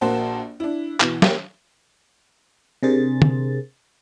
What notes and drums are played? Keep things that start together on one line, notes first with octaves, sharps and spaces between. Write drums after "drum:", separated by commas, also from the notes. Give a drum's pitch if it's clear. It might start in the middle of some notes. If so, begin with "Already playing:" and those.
A#1 A#3 F#4 C5 A5
D4 E4
B2 E3, drum: clap
A#3 G4, drum: snare
C3 D4 G#4 A#4 C5 A6
drum: tom